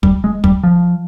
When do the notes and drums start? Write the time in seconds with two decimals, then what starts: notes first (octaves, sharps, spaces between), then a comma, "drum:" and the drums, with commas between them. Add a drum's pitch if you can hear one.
0.03 G3, drum: kick
0.24 G#3
0.44 G3, drum: kick
0.63 F3